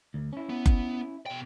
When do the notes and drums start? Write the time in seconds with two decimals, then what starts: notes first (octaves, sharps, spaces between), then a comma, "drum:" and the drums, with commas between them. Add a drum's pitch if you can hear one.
0.14 D2
0.33 C#4 E4
0.49 B3
0.66 drum: kick F#1
1.26 B2 G5